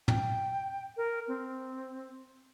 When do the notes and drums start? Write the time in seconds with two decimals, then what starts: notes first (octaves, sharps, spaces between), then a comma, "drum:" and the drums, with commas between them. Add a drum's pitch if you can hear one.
0.08 G5, drum: tom
0.97 A#4
1.28 C4